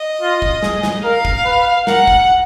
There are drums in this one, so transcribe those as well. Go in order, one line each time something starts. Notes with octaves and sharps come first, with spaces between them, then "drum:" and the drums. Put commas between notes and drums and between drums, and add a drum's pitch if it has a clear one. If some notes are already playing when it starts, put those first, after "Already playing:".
Already playing: D#5
F4
drum: kick
G#4, drum: snare
drum: snare
A#4 F5
drum: kick
B4
A#4 F#5, drum: snare
drum: kick